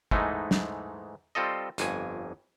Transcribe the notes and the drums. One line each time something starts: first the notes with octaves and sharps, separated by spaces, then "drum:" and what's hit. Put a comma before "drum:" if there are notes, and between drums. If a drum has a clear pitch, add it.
G#2 E3 G#3 A3 D#4, drum: kick
drum: snare
G3 C4 F4 A4 D#5
G1 F2 G#5, drum: hi-hat